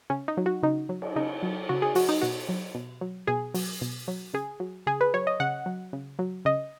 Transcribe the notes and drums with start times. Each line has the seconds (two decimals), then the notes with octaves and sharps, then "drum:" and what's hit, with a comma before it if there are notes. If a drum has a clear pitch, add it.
0.10 C#3 C#4
0.28 D#4
0.37 F#3
0.46 F#4
0.63 C#3 D#4
0.89 F#3
1.02 drum: cymbal
1.16 C#3 D#4
1.43 F#3
1.69 C#3 F#4
1.82 G#4
1.95 F#3 F#4, drum: open hi-hat
2.09 D#4, drum: cymbal
2.22 B2 F#4
2.49 F#3
2.75 B2
3.01 F#3
3.27 B2 G#4
3.54 F#3, drum: open hi-hat
3.81 B2
4.08 F#3
4.34 C#3 G#4
4.60 F#3
4.87 C#3 G#4
5.01 B4
5.14 F#3 C#5
5.27 D#5
5.40 C#3 F#5
5.66 F#3
5.93 C#3
6.19 F#3
6.45 C#3 D#5